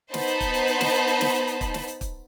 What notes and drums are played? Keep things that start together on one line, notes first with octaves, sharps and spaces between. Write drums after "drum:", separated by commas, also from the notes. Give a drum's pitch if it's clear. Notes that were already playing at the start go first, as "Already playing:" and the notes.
B3 D#4 C5 A5 B5, drum: snare
drum: hi-hat
drum: kick, hi-hat
drum: hi-hat
drum: hi-hat
drum: snare
drum: hi-hat
drum: hi-hat
drum: snare
drum: hi-hat
drum: hi-hat
drum: kick, hi-hat
drum: snare
drum: hi-hat
drum: kick, hi-hat